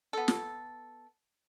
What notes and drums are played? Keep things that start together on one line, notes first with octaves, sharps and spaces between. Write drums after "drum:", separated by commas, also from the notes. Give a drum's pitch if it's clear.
B3 A4
drum: snare